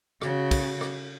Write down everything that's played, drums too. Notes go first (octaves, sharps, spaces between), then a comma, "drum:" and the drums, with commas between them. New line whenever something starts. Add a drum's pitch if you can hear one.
C#3 F#4, drum: rim click
drum: kick, cymbal
drum: rim click